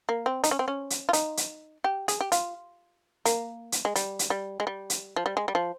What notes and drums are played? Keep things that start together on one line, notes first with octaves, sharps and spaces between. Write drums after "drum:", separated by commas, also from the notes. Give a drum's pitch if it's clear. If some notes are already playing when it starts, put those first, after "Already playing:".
A#3
C4
D#4, drum: hi-hat
C#4
C4
C#4
drum: hi-hat
F4
D#4, drum: hi-hat
drum: hi-hat
G4
G#4, drum: hi-hat
G4
F4, drum: hi-hat
A#3, drum: hi-hat
drum: hi-hat
G#3
G3, drum: hi-hat
drum: hi-hat
G3
G#3
G3
drum: hi-hat
F3
G3
G#3
G3
F3